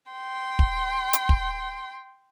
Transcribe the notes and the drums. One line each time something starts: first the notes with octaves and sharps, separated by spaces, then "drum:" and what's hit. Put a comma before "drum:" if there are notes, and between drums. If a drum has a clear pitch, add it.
G5 C6
drum: kick
drum: hi-hat
drum: kick